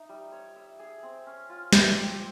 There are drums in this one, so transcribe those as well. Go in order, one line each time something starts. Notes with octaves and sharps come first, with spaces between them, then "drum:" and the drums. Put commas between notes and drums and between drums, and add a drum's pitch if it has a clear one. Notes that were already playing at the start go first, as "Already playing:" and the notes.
Already playing: D#4 E5
G3
C#5
E5
G#4
C4
C#4
F4
G4, drum: snare
C4